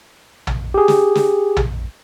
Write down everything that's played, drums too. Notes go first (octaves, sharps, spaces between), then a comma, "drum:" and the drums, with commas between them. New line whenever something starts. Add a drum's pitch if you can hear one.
drum: tom
G4 G#4
drum: snare
drum: snare
drum: tom